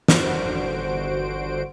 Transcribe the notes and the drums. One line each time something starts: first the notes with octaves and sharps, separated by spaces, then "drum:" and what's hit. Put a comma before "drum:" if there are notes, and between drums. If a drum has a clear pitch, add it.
G1 D3 F#4 C5 D7, drum: snare